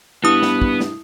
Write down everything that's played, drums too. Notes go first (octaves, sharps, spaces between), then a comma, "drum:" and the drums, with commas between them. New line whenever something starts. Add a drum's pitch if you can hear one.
G2 B3 E4 D#6
drum: snare
drum: kick
drum: snare